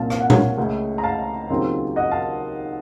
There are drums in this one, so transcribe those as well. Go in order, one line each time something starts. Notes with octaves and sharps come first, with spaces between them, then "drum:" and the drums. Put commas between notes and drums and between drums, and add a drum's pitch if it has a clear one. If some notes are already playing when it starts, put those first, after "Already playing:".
Already playing: C2 A#2 F3 A#3 C#4 F5 A5
F5, drum: rim click
F#5
C#5 F5, drum: tom A#2
C#2 C#3 A3
A#5
F5 A5
D#2 C#3 F#3 C4 F4
D#5 F#5
F5 A5